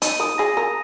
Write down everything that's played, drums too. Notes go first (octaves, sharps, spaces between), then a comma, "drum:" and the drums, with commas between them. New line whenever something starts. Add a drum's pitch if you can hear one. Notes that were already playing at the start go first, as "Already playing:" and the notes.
D#4 D#7, drum: hi-hat
A#4 D#6
G#4 A#6
A#4 D#6